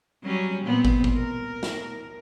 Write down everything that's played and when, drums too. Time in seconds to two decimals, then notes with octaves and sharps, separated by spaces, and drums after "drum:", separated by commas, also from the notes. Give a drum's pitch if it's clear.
0.23 F#3 G3 C#4
0.65 A#2 B3 C4
0.85 drum: kick
1.04 drum: kick
1.15 A#4
1.63 drum: snare